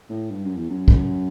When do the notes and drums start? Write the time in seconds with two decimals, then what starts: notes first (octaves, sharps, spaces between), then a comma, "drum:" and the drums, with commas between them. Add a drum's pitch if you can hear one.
0.09 A2
0.31 G2
0.44 F#2
0.57 E2
0.70 F#2
0.88 drum: kick